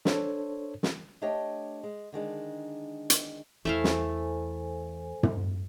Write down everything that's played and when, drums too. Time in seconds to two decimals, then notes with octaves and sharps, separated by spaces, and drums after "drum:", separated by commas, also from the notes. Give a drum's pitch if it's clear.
0.05 D4 A4 C5 C#5, drum: snare
0.83 drum: snare
1.22 A3 D4 G4 C#5 D#5 G5
1.83 G#3
2.12 D3 D#3 G#3 D4
3.10 drum: hi-hat
3.65 E2 A3 E4 A4 C5 F5 G#5
3.84 drum: snare
5.23 drum: tom